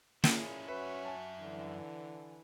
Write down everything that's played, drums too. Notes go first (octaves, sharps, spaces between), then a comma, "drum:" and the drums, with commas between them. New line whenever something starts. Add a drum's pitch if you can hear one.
A#2 C#4 E4 G#4, drum: snare
F#2 C#4 F#4 B4 E5
G#5 A5
D3 E3